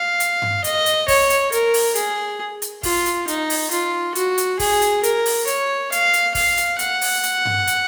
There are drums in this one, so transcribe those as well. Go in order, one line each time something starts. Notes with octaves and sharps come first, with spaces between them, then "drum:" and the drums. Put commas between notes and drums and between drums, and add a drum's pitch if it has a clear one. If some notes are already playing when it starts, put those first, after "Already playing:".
Already playing: F5
drum: hi-hat
drum: tom G2
D#5, drum: hi-hat
drum: hi-hat
C#5, drum: kick, open hi-hat
drum: hi-hat
A#4, drum: hi-hat
drum: open hi-hat
G#4, drum: hi-hat
drum: hi-hat
F4, drum: kick, open hi-hat
drum: hi-hat
D#4, drum: hi-hat
drum: open hi-hat
F4, drum: hi-hat
F#4, drum: hi-hat
drum: hi-hat
G#4, drum: kick, open hi-hat
drum: hi-hat
A#4, drum: hi-hat
drum: open hi-hat
C#5, drum: hi-hat
F5, drum: hi-hat
drum: hi-hat
F5, drum: kick, open hi-hat
drum: hi-hat
F#5, drum: hi-hat
drum: open hi-hat
drum: hi-hat
drum: tom G2
drum: hi-hat